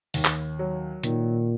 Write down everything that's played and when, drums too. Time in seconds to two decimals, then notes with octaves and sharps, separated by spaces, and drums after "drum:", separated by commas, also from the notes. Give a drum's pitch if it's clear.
0.14 D#2, drum: open hi-hat
0.25 drum: clap
0.59 F#3
1.04 A#2 D#3, drum: hi-hat